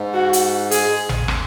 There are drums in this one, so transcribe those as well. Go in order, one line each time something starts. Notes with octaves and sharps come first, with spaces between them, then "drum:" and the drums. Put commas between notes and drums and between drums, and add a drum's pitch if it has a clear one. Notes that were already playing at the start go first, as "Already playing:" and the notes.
Already playing: G#2
F#4
drum: hi-hat
G#4, drum: hi-hat
drum: tom G#1
drum: rim click